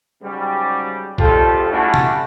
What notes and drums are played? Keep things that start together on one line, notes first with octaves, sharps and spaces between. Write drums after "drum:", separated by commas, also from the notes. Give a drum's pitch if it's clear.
G#2 C#3 F#3 G3
G#1 F2 F4 G4 A4, drum: kick B1
G3 A3 C#4 D4 E4 F#4
drum: tom